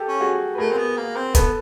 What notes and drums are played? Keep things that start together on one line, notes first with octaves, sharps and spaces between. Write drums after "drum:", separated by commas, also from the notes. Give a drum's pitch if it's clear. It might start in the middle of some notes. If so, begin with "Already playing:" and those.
Already playing: G4 A4
C#4
F#4 G#4
B4
A3 G#4 A#4
C4
B3
A#3
C4
B3 A4 B4, drum: kick, hi-hat